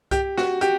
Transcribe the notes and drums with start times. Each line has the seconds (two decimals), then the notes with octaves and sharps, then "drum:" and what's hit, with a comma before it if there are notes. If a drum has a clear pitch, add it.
0.11 G4, drum: kick C2, hi-hat
0.37 F#4, drum: snare
0.61 G4, drum: hi-hat